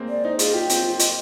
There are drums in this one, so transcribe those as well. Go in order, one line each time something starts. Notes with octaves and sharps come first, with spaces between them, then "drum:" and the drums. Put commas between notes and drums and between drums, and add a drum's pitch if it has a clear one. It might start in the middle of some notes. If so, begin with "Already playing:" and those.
Already playing: G#3 A#3 C4
D5
D#4 C5
F4 G#4, drum: hi-hat
F4 G4
C4 F4, drum: hi-hat
F4
D#5, drum: hi-hat